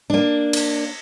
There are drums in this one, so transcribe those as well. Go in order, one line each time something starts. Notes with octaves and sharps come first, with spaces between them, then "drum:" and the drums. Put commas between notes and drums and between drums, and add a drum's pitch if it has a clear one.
A#3 D4
drum: cymbal